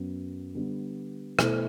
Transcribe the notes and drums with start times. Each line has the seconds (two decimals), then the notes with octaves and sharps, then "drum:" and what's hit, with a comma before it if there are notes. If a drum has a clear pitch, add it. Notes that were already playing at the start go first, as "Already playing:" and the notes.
Already playing: F#2 F#3 B3
0.55 D3 G3 B3
1.39 B2 A3 E4 A4 C5, drum: rim click